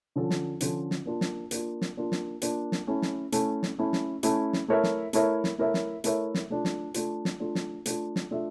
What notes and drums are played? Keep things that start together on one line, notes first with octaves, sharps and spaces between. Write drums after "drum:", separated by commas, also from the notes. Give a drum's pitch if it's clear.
D3 F3 C#4 F4 A4
drum: snare
D3 F3 C#4 F4 A4, drum: hi-hat
drum: snare
A#3 D4 F4
drum: snare
A#3 D4 F4, drum: hi-hat
drum: snare
A#3 D4 F4
drum: snare
A#3 D4 F4, drum: hi-hat
drum: snare
A3 C#4 E4
drum: snare
A3 C#4 E4, drum: hi-hat
drum: snare
A3 C#4 E4
drum: snare
A3 C#4 E4, drum: hi-hat
drum: snare
A3 E4 A#4 C#5 E5
drum: snare
A3 E4 A#4 C#5 E5, drum: hi-hat
drum: snare
A3 E4 A#4 C#5 E5
drum: snare
A3 E4 A#4 C#5 E5, drum: hi-hat
drum: snare
A3 D4 F4
drum: snare
A3 D4 F4, drum: hi-hat
drum: snare
A3 D4 F4
drum: snare
A3 D4 F4, drum: hi-hat
drum: snare
A3 D4 F4 A4 E5